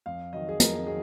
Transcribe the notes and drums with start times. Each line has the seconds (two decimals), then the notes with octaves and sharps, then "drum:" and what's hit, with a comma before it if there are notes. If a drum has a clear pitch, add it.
0.06 F2 F5
0.33 D#3 F#3 D#5
0.49 G#4
0.60 F2 A#4, drum: hi-hat
0.86 D#3 F#3 G#4